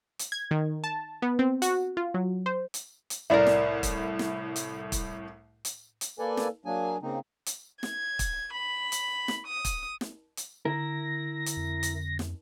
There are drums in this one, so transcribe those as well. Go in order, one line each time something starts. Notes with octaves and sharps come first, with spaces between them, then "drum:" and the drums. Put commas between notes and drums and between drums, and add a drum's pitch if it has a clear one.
drum: hi-hat
G#6
D#3
A5
B3
C4
F#4, drum: hi-hat
F4
F#3
C5
drum: hi-hat
drum: hi-hat
C2 A2 A#4 D5 E5
drum: snare
drum: kick, hi-hat
drum: snare
drum: hi-hat
drum: kick, hi-hat
drum: hi-hat
drum: hi-hat
A#3 A4 B4 D5 G#5
drum: snare
F#3 A#3 D4 G#4 G#5
C#3 A#3 C4 D#4
drum: hi-hat
G#6, drum: snare
drum: kick, hi-hat
B5
drum: hi-hat
drum: snare
D#6
drum: kick, hi-hat
drum: snare
drum: hi-hat
D3 E4 A#4 A#6
drum: hi-hat
F2
drum: hi-hat
drum: snare